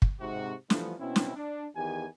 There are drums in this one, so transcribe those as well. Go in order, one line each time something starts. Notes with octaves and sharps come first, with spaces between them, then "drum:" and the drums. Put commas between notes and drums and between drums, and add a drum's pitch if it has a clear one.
drum: kick
G#2 C3 F#4
E3 F3 G3 A3 B3, drum: snare
B2 C4 C#4 E4
drum: snare
D4
E2 D#3 G4 G#5